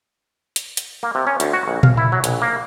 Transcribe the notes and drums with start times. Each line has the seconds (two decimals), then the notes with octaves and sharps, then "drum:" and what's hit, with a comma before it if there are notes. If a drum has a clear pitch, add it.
0.56 drum: hi-hat
0.77 drum: hi-hat
1.03 A#3
1.15 C3
1.27 C#4
1.40 D2, drum: hi-hat
1.53 F#4
1.68 A#1
1.83 F5, drum: tom A#2
1.97 E4
2.12 F#3
2.24 A#1, drum: hi-hat
2.42 A#3